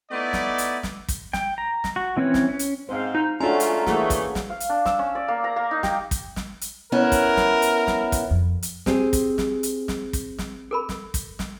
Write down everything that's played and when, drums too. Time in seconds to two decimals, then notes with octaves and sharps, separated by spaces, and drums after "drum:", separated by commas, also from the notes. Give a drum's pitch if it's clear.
0.11 A3 B3 D#4 E4 D5
0.33 drum: snare
0.58 drum: hi-hat
0.83 drum: snare
1.08 drum: kick, hi-hat
1.33 G5, drum: snare
1.58 A#5
1.84 drum: snare
1.96 F#4
2.17 E3 C4 C#4 B4 C#5
2.34 drum: snare
2.49 C#4
2.59 drum: hi-hat
2.89 G#2 C4 C5 F5
3.15 D#4
3.41 G#3 A3 C#4 D4 F4 F#4 A#5
3.60 drum: hi-hat
3.86 E3 A3 A#3 F#4 G#4, drum: snare
4.10 drum: kick, hi-hat
4.35 drum: snare
4.50 F5
4.60 drum: hi-hat
4.69 D4
4.86 E6, drum: snare
4.99 C#4
5.15 D5
5.28 A#3
5.44 A#5
5.56 A#3
5.71 D#4
5.83 G4, drum: snare
6.11 drum: kick, hi-hat
6.36 drum: snare
6.61 drum: hi-hat
6.92 B3 C#4 E4 A#4
7.12 drum: kick, hi-hat
7.37 drum: snare
7.62 drum: hi-hat
7.87 drum: snare
8.12 drum: kick, hi-hat
8.30 F2
8.63 drum: hi-hat
8.86 C4 G4 G#4, drum: snare
9.13 drum: kick, hi-hat
9.38 drum: snare
9.63 drum: hi-hat
9.88 drum: snare
10.13 drum: kick, hi-hat
10.38 drum: snare
10.71 A4 A#4 B5
10.89 drum: snare
11.14 drum: kick, hi-hat
11.39 drum: snare